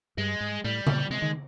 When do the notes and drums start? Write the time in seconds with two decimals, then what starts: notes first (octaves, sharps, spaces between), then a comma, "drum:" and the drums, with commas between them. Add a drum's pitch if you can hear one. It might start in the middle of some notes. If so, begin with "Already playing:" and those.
0.17 G2 G#3
0.40 G#2
0.64 A2 G3
0.87 A#2, drum: tom C#3
1.10 C3 G#3
1.22 D#3